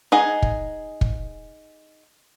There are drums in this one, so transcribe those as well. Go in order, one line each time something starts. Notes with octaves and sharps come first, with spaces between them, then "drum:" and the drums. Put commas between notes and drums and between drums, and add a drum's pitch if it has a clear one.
D#4 G#4 F#5
drum: kick
drum: kick